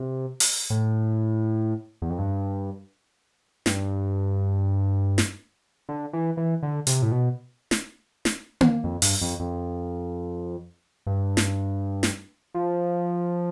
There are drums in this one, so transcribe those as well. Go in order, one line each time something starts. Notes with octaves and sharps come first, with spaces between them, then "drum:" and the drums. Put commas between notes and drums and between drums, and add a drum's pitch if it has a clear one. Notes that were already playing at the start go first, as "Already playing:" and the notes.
Already playing: C3
drum: open hi-hat
A2
E2
F2
G2
G2, drum: snare
drum: snare
D3
E3
E3
D3
C3, drum: hi-hat
A2
B2
drum: snare
drum: snare
drum: tom A#3
F2
G2, drum: open hi-hat
F2
F2
G2
drum: snare
drum: snare
F3